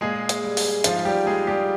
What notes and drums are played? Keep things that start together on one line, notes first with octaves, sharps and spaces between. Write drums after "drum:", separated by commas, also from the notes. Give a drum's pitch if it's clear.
A#2 G#3 G#4
drum: hi-hat
G3
drum: open hi-hat
G#2 F3 F4, drum: hi-hat
G3 G4
G3 G#3 G#4
G3 G4